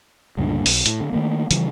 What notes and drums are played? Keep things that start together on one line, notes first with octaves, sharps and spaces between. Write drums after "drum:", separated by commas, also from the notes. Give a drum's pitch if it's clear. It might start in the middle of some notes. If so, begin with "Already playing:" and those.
C#2 G2 A#2 D3
B1, drum: open hi-hat
A2, drum: hi-hat
D3
D#3 A3 A#3
C#3 E3 F3 G3, drum: hi-hat